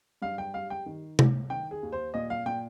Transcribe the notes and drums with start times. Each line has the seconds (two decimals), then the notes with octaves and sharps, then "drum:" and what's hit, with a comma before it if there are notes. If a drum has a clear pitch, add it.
0.22 G2 F5
0.38 G5
0.54 G3 F5
0.70 G5
0.86 D#3
1.19 G1, drum: tom C3
1.50 D#3 G5
1.71 G#4
1.83 D#2
1.92 C5
2.14 A#2 D#5
2.30 F5
2.46 A#2 G5